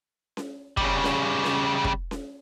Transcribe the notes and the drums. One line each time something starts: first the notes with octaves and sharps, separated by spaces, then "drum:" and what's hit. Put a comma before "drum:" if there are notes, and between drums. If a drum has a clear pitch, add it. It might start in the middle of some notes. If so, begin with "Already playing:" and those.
drum: snare C#4
C#3 G3, drum: kick
drum: snare C#4
drum: snare C#4
drum: kick
drum: snare C#4